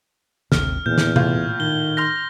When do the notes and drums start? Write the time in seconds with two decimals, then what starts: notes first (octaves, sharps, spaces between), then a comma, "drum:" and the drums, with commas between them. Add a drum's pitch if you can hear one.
0.52 G#1 D2 C3 F6, drum: snare
0.86 E2 A#2 G6
0.98 drum: snare
1.16 A2 F4 G6, drum: tom C3
1.60 D#3 G7
1.97 C6 F6 G6 A#6